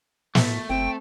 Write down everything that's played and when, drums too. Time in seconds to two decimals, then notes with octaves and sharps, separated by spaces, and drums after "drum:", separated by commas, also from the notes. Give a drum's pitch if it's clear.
0.35 A2 A3, drum: snare
0.69 F#1 C4 G5